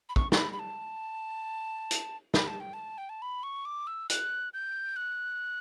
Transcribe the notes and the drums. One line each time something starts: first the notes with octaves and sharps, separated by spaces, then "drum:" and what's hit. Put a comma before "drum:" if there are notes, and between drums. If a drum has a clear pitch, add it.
B5
C#6, drum: kick
C#6, drum: snare
B5
B5
A5
drum: hi-hat
B5, drum: snare
A5
G5
A5
G5
A5
B5
C#6
D6
E6
F#6, drum: hi-hat
G6
F#6